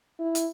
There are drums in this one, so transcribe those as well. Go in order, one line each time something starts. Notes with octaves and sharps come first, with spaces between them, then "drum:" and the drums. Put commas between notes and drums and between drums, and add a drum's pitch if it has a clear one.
E4
drum: hi-hat